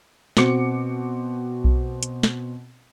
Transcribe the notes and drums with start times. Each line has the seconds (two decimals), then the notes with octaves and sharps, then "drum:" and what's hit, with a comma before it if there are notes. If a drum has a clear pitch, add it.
0.37 B2 C4 F#4 D6 C#7, drum: snare
1.64 drum: kick B1
2.03 drum: hi-hat
2.23 drum: snare